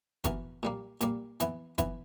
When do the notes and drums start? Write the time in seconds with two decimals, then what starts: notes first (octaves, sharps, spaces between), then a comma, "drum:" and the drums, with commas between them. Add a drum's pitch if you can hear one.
0.24 E3 B3 F#4 A#4, drum: kick F#1, hi-hat
0.63 A#2 G3 A#3
1.01 A#2 G3 A#3, drum: hi-hat
1.40 E3 B3 E4, drum: hi-hat
1.78 E3 B3 E4, drum: kick F#1, hi-hat